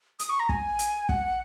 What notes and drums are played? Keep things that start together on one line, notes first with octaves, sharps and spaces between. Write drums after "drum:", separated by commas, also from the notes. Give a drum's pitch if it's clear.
D#6, drum: hi-hat
C#6
A#5
G#5, drum: kick
drum: hi-hat
F#5, drum: kick